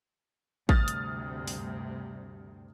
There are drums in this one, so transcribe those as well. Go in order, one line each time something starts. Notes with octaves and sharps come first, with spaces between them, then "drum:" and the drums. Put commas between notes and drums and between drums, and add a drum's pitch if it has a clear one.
D2 G2 C3 D#6 F6 A6, drum: kick
drum: hi-hat
drum: open hi-hat